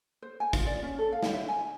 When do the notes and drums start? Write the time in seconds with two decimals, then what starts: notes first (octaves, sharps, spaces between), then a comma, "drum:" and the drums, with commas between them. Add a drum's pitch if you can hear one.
0.22 C5
0.40 G#5
0.53 F4, drum: kick, tambourine
0.66 D5
0.83 C#4
0.98 A4
1.12 F5
1.23 drum: snare
1.34 E5
1.49 G#5